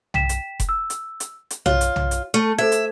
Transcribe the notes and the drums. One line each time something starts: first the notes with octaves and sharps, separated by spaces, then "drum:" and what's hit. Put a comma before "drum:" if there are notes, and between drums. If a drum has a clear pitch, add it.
G5 B6 E7, drum: tom B1
drum: hi-hat
drum: kick F1, hi-hat
E6
drum: hi-hat
drum: hi-hat
drum: hi-hat
F4 C#5, drum: tom B1
drum: hi-hat
drum: tom B1
drum: hi-hat
A3 F6
A4 C5 E5 G#6
drum: hi-hat